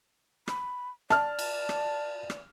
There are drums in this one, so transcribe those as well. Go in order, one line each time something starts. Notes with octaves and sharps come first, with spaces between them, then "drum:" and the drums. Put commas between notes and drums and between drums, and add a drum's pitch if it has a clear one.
B5, drum: rim click
D5 A5 F6, drum: rim click
drum: cymbal
drum: rim click
drum: rim click